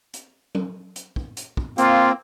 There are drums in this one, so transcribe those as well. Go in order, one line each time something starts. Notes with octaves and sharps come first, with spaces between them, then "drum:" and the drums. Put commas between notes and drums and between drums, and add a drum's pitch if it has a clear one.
drum: hi-hat
drum: tom
drum: hi-hat
drum: kick
drum: hi-hat
drum: kick
A#3 C4 F4, drum: hi-hat